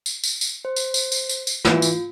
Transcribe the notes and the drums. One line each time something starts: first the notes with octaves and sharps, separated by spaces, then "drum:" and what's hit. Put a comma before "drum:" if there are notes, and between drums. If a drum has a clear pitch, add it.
drum: tambourine
drum: tambourine
drum: tambourine
C5
drum: tambourine
drum: tambourine
drum: tambourine
drum: tambourine
drum: tambourine
E3 F4, drum: snare
drum: tambourine